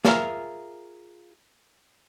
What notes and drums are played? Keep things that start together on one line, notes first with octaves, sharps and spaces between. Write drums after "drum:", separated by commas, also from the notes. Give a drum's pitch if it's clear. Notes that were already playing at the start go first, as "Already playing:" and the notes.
F4 G#4 A#4 E5 F5, drum: snare